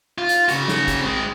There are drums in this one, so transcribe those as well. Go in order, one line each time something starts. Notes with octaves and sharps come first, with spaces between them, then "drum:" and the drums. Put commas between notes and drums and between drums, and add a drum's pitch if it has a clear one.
F4
drum: hi-hat
C#3 F#4, drum: hi-hat
drum: snare
drum: kick, hi-hat
G#3 C4